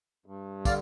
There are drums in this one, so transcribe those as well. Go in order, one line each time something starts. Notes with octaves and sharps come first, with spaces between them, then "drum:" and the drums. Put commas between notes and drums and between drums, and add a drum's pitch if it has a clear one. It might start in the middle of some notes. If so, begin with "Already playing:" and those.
G2
D3 D5 F5, drum: kick, tambourine